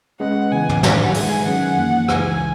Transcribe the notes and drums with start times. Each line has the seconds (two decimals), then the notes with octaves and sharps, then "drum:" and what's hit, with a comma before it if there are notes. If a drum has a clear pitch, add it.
0.20 G#3 C#4 G#4 B4 D#5 F#5
0.52 C#3 E3 B3 G#5
0.69 drum: tom
0.83 G#2 D#3 F#3 F#5, drum: snare
1.14 G#3 D#4 G#4 B4 E5 G#5, drum: open hi-hat
1.45 D#3 F#3 C#4 F#5
1.77 F#2 E3 A#3 D#4
2.08 C#2 C#3 E3 G#5, drum: rim click